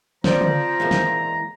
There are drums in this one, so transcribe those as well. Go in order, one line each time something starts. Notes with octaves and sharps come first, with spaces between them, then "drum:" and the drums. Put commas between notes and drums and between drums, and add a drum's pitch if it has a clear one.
F3 C4 D5 A#5, drum: snare
drum: tom
E3 G#3 A#3
drum: snare